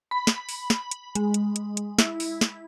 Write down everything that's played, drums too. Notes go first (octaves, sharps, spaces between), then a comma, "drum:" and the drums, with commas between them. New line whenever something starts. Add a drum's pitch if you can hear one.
B5
drum: snare
drum: open hi-hat
drum: snare
drum: hi-hat
G#3, drum: hi-hat
drum: hi-hat
drum: hi-hat
drum: hi-hat
E4, drum: snare
drum: open hi-hat
drum: snare